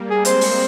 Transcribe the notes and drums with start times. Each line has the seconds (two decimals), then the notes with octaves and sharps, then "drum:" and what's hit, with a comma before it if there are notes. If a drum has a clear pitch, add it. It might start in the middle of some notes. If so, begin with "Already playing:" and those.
Already playing: G3 A#3
0.10 G#4
0.25 G#3 C4 C5, drum: hi-hat
0.41 drum: open hi-hat